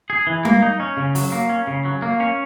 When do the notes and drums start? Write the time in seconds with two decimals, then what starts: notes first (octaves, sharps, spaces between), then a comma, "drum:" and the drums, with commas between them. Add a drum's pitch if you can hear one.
0.10 G#4
0.27 E3
0.45 A#3, drum: tom G3
0.62 D#4
0.80 C#4
0.97 C#3
1.15 F#3, drum: open hi-hat
1.32 A#3
1.49 C#4
1.67 C#3
1.85 F#3
2.02 A#3
2.20 C#4